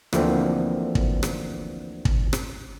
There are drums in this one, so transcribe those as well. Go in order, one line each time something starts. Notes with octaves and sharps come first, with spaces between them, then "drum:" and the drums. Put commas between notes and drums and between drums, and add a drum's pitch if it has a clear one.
D2 E3 F3 A3 A#3 C4, drum: rim click
drum: kick
drum: rim click
drum: kick
drum: rim click